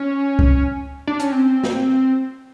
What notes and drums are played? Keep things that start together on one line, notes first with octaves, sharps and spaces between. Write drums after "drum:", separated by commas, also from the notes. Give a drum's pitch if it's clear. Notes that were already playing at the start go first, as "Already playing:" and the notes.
Already playing: C#4
drum: kick C2
D4
C#4, drum: hi-hat
C4
drum: snare